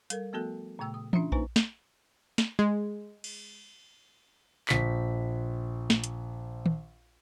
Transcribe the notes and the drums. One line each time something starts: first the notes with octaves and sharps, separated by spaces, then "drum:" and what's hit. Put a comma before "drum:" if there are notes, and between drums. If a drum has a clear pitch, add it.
G3 A4 A#4, drum: hi-hat
F3 A3 B3 F#4 A4 F#6
A#2 C#3 A3 G5 E6
D#6
C#4 D4 F4 E5 A#5, drum: tom E3
A#3 D#4 B4 C5 G#5 A#5, drum: kick A#1
drum: snare
drum: snare
G#3
drum: cymbal
A#1 B6, drum: clap
drum: snare
drum: hi-hat
drum: tom